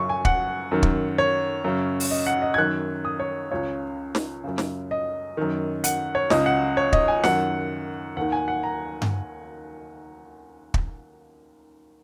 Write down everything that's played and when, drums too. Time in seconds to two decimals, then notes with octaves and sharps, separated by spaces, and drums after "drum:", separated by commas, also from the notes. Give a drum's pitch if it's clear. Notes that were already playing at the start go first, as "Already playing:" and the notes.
Already playing: F#2 C#3 C#6
0.09 G#5
0.25 F#5, drum: kick
0.72 F#2 D#3
0.83 drum: kick
1.18 C#5
1.64 F#2 C#3
2.00 drum: open hi-hat
2.11 D#5
2.27 F#5
2.42 D#5
2.54 G#6
2.58 F#2 D#3 F#6
3.05 D#6
3.20 C#5
3.51 C#2 C#3 C#5
4.15 drum: snare
4.44 F#2 C#3
4.58 drum: snare
4.91 D#5
5.37 F#2 D#3
5.84 F#5, drum: hi-hat
6.15 C#5
6.30 C#2 C#3 D#5, drum: snare
6.46 F#5
6.77 C#5
6.93 D#5, drum: kick
7.08 G#5
7.24 F#2 D#3 F#5, drum: snare
8.17 D#2 D#3 F#5
8.32 G#5
8.48 F#5
8.63 A#5
9.02 drum: tom G2
10.74 drum: kick